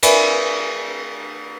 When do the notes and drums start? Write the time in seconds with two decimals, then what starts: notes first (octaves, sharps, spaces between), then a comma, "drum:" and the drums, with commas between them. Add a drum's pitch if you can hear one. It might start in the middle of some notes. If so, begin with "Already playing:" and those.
0.03 A#4 B4 D5 E5 G#5 B5, drum: cymbal